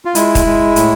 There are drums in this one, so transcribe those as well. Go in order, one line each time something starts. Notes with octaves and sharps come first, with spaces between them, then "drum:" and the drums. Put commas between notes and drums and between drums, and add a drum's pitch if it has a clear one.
F4
G#3 E4, drum: hi-hat
drum: kick D#1, hi-hat
G#3
A2, drum: hi-hat